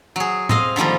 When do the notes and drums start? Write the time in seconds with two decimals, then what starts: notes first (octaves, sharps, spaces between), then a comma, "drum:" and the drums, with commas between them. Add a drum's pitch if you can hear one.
0.16 F#3 G#4
0.49 C4 D#5 F5, drum: tom A2
0.76 D3 D#3 F3 G3 A#3